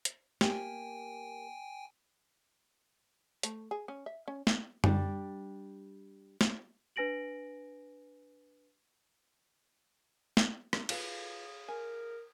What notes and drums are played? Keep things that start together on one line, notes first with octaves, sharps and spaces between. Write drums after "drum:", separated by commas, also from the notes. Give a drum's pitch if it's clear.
drum: hi-hat
A#3 G4 G5 G#5, drum: snare
A3, drum: hi-hat
G#4
C#4
E5
C#4
drum: snare
G3 D4, drum: tom F#2
drum: snare
D4 B4 G#5 A#6 D7 F#7
drum: snare
C#4 A4 A#4, drum: rim click
F4 G#4 A4 B4 C#5 F5, drum: cymbal
A#4 G#5